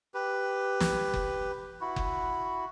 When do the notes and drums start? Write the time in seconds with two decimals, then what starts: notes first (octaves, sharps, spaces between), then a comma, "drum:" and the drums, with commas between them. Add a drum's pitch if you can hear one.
0.14 G4 B4
0.80 drum: snare
1.14 drum: kick F#1
1.81 E4 F#4
1.96 drum: kick F#1